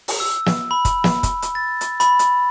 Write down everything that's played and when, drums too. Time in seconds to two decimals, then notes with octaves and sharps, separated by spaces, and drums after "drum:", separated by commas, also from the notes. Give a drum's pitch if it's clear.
0.08 drum: open hi-hat
0.20 E6
0.46 drum: snare
0.71 B5
0.85 drum: kick, hi-hat
1.04 drum: snare
1.23 drum: kick, hi-hat
1.42 drum: hi-hat
1.55 A6
1.81 drum: hi-hat
2.00 B5, drum: hi-hat
2.19 drum: hi-hat